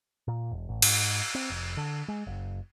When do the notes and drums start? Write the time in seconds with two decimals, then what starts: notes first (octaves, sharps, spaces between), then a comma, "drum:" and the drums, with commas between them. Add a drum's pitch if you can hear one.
0.28 A#2
0.51 E1
0.69 A1
0.82 G#2, drum: cymbal
1.35 C4
1.50 F1
1.77 D3
2.08 G#3
2.27 F#1